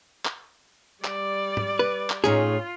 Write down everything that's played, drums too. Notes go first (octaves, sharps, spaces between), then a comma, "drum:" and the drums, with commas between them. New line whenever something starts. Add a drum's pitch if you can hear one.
drum: clap
G3 D5, drum: clap
drum: tom
B4
drum: clap
A2 C#4 D#4 F4 G#4